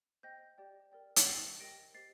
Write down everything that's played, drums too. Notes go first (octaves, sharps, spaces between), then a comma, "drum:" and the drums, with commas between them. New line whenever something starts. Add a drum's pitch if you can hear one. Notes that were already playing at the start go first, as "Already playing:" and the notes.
C5 D#5 G5 G6 A#6
G4 D5 G5
A#4 D5 G5
drum: hi-hat
C5 D#5 G5 A6 C7
G4 A#4 D#5 G5 A#6 D7
G4 C5 D#5 A6 C7